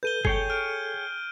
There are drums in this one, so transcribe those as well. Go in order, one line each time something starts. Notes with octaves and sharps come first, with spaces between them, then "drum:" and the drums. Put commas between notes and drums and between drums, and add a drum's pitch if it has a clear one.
A4 B4 G6 D#7 G7
G#4 A4 C#5 G5, drum: kick F#1
F6 D7